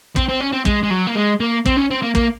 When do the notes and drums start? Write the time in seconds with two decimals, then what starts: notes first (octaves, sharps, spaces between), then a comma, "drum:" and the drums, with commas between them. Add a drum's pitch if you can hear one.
0.16 C4, drum: kick
0.28 C4
0.40 C#4
0.52 C4
0.65 G#3, drum: kick
0.83 G#3
0.90 F#3
1.07 A#3
1.15 G#3
1.40 A#3
1.66 C4, drum: kick
1.77 C#4
1.90 C4
2.02 A#3
2.15 A#3, drum: kick